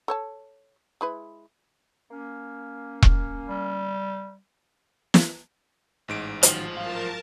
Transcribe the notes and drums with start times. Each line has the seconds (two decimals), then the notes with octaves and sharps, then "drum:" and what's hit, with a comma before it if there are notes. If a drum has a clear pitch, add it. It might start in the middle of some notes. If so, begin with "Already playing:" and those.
0.08 A4 C#5 A5
1.01 G#3 E4 B4
2.11 A#3 C#4
3.02 drum: kick E1
3.48 G3
5.14 drum: snare
6.08 A1 G#2 D7
6.43 D#3 F3 F#3 C#4, drum: hi-hat
6.77 F#2 F4 A#4 F5 A5